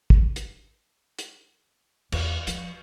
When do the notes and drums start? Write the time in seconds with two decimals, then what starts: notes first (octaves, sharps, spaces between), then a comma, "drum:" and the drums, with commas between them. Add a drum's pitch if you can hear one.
0.10 drum: kick
0.36 drum: hi-hat
1.19 drum: hi-hat
2.12 E2, drum: cymbal
2.47 F3, drum: hi-hat